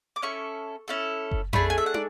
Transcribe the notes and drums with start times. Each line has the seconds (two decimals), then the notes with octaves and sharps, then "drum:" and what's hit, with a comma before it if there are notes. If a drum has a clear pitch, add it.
0.16 D6
0.22 C#4 E4 A4 C#6
0.88 C#4 E4 A4
1.31 drum: kick F#1
1.53 A3 D4 G#4 B5, drum: tom F2
1.70 G#5
1.78 E5
1.86 F#5
1.94 D5, drum: tom